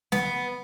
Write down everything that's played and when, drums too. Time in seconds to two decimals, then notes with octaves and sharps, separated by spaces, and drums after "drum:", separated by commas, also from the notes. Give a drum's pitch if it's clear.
0.12 B3, drum: snare